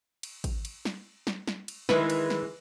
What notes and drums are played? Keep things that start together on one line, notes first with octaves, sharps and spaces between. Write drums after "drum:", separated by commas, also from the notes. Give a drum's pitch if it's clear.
drum: cymbal
drum: kick, cymbal
drum: cymbal
drum: snare
drum: snare
drum: snare
drum: cymbal
D#3 E3 G#3 E4 B4, drum: snare
drum: cymbal
drum: snare